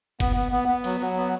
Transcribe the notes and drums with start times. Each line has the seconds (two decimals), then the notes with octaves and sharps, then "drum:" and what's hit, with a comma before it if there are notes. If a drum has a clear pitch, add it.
0.20 B3, drum: kick G1, cymbal
0.36 B3
0.52 B3
0.68 B3
0.84 F#3, drum: cymbal
1.00 F#3
1.17 B3